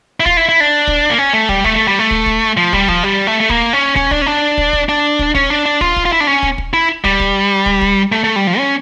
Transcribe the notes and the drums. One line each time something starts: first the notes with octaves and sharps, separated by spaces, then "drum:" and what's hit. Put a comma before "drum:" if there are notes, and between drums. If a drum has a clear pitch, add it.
E4
F4, drum: kick
E4
E4
D4
drum: kick
A#3
C#4
A3
G3, drum: kick
A3, drum: kick
A3
G3
A3
drum: kick
drum: kick
F3
G3, drum: kick
F3, drum: kick
G3
A3
A3
A#3, drum: kick
C#4
C#4, drum: kick
D4, drum: kick
C#4
D4
drum: kick
drum: kick
D4
drum: kick
C#4, drum: kick
D4
D4
F4, drum: kick
drum: kick
F4
E4
D4
C#4
drum: kick
drum: kick
E4
G3, drum: kick
drum: kick
drum: kick
drum: kick
A3
A3
G3
F3
C#4